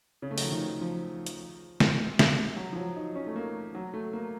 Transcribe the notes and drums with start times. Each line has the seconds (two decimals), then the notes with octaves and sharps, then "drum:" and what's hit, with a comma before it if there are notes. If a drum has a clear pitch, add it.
0.22 C#3
0.31 A3
0.38 F#3, drum: open hi-hat
0.45 F3
0.52 D#3
0.81 F3
1.26 drum: hi-hat
1.80 drum: snare
2.19 drum: snare
2.56 F#3
2.73 F3
2.76 F#3
2.96 D#4
3.15 C#4
3.27 A3
3.36 A#3
3.75 F#3
3.94 A3
4.13 A#3